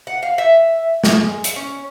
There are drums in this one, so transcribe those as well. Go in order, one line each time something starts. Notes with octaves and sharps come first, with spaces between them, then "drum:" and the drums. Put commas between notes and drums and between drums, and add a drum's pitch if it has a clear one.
F#5
F5
E5
G#3, drum: snare
drum: hi-hat
C#4